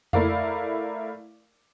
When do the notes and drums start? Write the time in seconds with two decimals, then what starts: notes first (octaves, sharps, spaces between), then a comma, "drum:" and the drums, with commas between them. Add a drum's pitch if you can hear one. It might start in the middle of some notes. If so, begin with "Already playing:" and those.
0.13 A3 E4 A#4 D5 F5, drum: tom F2